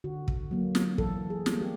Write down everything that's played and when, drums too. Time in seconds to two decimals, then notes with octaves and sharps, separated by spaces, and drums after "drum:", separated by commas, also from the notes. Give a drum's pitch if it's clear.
0.04 D3 F#4
0.28 drum: kick
0.51 F#3 A#3
0.75 drum: snare
0.98 E3 A4, drum: kick
1.30 G#4
1.46 G3 A#3, drum: snare
1.61 G4